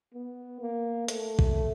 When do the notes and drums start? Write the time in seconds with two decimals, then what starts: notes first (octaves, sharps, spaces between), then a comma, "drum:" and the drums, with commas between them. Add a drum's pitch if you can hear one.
0.15 B3
0.61 A#3
1.08 A3, drum: hi-hat
1.39 drum: kick